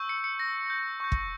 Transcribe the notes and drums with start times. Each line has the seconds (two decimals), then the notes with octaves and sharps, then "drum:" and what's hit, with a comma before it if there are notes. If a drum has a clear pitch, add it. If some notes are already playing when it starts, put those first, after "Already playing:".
Already playing: C#6 E6 G6
0.09 C#7
0.24 C#7
0.40 A#6
0.70 G6
1.00 C#6 G6
1.12 drum: kick